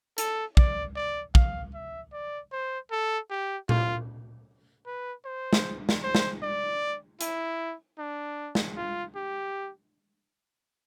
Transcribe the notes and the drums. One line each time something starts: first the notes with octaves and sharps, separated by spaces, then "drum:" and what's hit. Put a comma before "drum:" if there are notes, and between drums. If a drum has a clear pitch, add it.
A4, drum: hi-hat
D5, drum: kick
D5
F5, drum: kick
E5
D5
C5
A4
G4
F4, drum: tom A#2
B4
C5
drum: snare
drum: snare
C5
drum: snare
D5
E4, drum: hi-hat
D4
drum: snare
F4
G4